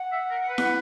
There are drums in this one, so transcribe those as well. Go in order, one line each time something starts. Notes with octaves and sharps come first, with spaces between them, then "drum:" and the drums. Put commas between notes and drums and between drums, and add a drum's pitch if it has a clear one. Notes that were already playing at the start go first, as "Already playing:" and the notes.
Already playing: F#5
E5
A#4
B4
drum: snare E4